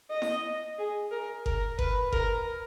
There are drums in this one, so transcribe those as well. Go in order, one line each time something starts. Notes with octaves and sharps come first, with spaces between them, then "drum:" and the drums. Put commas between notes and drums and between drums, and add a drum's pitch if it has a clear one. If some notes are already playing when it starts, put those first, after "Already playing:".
D#5
drum: snare E4
G#4
A#4
A#4, drum: kick F#1
B4, drum: kick F#1
A#4, drum: kick F#1